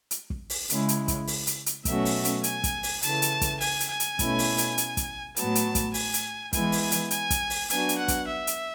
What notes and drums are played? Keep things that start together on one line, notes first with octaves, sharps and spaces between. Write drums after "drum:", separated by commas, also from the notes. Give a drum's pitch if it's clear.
drum: hi-hat
drum: kick
drum: open hi-hat
C#3 G#3 C#4 E4, drum: hi-hat
drum: hi-hat
drum: kick, hi-hat
drum: open hi-hat
drum: hi-hat
drum: hi-hat
B2 F#3 A3 C#4 F#4 E5, drum: kick, hi-hat
drum: open hi-hat
drum: hi-hat
G#5, drum: hi-hat
drum: kick, hi-hat
drum: open hi-hat
C#3 E3 A3 A5, drum: hi-hat
drum: hi-hat
drum: kick, hi-hat
G#5, drum: open hi-hat
drum: hi-hat
G#5
drum: hi-hat
B2 A3 C#4 E4, drum: kick, hi-hat
drum: open hi-hat
drum: hi-hat
drum: hi-hat
drum: kick, hi-hat
A2 F#3 B3 A5, drum: hi-hat
drum: hi-hat
drum: kick, hi-hat
G#5, drum: open hi-hat
drum: hi-hat
E3 G#3 B3 E4 G#5, drum: kick, hi-hat
drum: open hi-hat
G#5
drum: hi-hat
G#5, drum: hi-hat
drum: kick, hi-hat
drum: open hi-hat
F#3 B3 D4 F#4 G#5, drum: hi-hat
drum: hi-hat
F#5
drum: kick, hi-hat
E5
drum: hi-hat